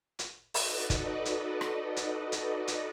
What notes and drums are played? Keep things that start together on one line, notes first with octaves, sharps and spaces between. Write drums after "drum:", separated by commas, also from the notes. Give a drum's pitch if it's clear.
drum: hi-hat
D#4 F#4 A4 B4 D5 D#5, drum: open hi-hat
drum: kick, hi-hat
drum: hi-hat
drum: rim click
drum: hi-hat
drum: hi-hat
drum: hi-hat